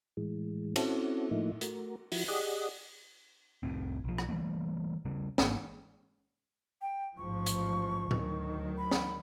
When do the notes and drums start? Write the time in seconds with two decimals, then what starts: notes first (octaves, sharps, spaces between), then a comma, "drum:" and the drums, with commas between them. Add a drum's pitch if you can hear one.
0.17 A2 E3 G#3
0.76 C4 C#4 E4 F#4 A4, drum: cymbal
1.31 A2 F3 A3 A#3 D#4 E4
1.61 A3 F#4 A#4, drum: hi-hat
2.12 F3 E4 F#4, drum: open hi-hat
2.28 G4 G#4 D5 D#5 F#5 D#6
3.63 F1 C2 A2 C4
4.04 B1 F3
4.18 drum: rim click
4.29 E3 G3 A3 A#3
5.05 C#3 G3
5.38 G#1 D#2 A#3, drum: snare
6.82 G5
7.18 A1 G#2 F3 C#6
7.46 drum: hi-hat
8.11 D2 D#3 F#3, drum: tom A2
8.78 B5
8.91 drum: snare